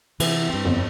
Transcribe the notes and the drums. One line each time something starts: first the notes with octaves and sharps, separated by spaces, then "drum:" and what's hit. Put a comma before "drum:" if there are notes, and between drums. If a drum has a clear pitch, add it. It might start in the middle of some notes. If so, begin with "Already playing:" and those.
C3 E3 B3, drum: cymbal
G2 C4
G1 F2